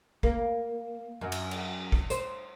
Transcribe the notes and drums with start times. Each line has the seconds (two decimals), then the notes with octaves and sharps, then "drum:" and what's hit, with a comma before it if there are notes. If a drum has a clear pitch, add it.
0.23 A#3, drum: kick
1.21 F#2
1.32 drum: cymbal
1.51 drum: cymbal
1.92 drum: kick
2.10 C5, drum: hi-hat